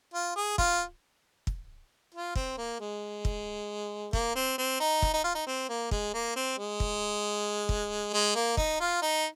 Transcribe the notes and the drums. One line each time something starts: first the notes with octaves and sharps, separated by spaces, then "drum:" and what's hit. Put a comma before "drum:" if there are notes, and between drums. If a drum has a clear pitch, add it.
F4
G#4
F4, drum: kick
drum: kick
F4
C4, drum: kick
A#3
G#3
drum: kick
A#3, drum: kick
C4
C4
D#4
drum: kick
D#4
F4
D#4
C4
A#3
G#3, drum: kick
A#3
C4
G#3
drum: kick
drum: kick
G#3
A#3
D#4, drum: kick
F4
D#4